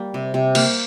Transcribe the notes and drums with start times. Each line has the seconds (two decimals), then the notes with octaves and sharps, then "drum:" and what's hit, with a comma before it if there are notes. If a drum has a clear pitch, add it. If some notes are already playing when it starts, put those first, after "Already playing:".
Already playing: G3 A#3
0.14 C3
0.34 C3
0.55 A#3 F5, drum: cymbal